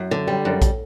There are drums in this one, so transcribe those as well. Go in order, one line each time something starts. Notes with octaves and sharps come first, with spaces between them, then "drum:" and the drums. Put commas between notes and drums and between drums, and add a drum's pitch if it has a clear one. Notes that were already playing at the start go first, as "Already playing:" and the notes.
Already playing: F#2
D3
G3
F#2
drum: kick A#1, hi-hat